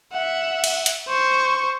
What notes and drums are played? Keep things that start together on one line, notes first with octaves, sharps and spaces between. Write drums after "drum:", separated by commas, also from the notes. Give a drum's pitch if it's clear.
E5 F#5
drum: cymbal
drum: hi-hat
C5 C#6